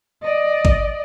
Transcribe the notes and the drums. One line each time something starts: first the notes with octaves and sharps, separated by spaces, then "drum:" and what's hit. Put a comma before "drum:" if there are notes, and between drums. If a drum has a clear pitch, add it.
D5 D#5
drum: kick